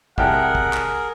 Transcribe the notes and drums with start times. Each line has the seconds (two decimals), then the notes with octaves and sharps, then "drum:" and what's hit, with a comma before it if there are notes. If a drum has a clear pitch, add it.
0.18 C2 G#4 A#4 F#5 G5 A5, drum: kick
0.55 drum: kick
0.73 drum: clap